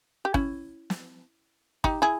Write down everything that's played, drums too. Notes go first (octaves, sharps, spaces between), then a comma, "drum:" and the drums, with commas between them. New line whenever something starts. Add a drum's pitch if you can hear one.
G4
C#4 E4, drum: kick
drum: snare
D#4 G4, drum: kick
E4 G#4